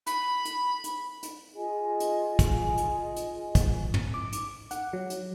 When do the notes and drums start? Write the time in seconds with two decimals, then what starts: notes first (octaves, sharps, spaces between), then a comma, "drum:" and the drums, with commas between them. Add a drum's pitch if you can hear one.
0.07 B5, drum: hi-hat
0.45 drum: hi-hat
0.84 drum: hi-hat
1.23 drum: hi-hat
1.55 F4 G#4 D#5 G#5
2.00 drum: hi-hat
2.39 drum: kick, hi-hat
2.78 drum: hi-hat
3.16 drum: hi-hat
3.55 drum: kick, hi-hat
3.94 drum: tom
4.14 D6
4.33 drum: hi-hat
4.71 F#5, drum: hi-hat
4.93 F#3
5.10 drum: hi-hat